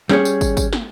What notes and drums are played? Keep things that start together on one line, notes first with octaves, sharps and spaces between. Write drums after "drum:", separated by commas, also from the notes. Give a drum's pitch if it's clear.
G3 C#4 G#4 C#5, drum: snare
drum: tambourine
drum: kick, tambourine
drum: kick, tambourine
drum: snare